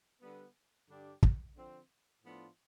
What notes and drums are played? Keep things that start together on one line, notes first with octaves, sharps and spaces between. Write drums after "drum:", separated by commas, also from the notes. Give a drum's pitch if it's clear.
D3 G3 B3
G2 D3 G3 D4 G4
drum: kick
D3 F3 C4
A2 F3 B3 D4 F4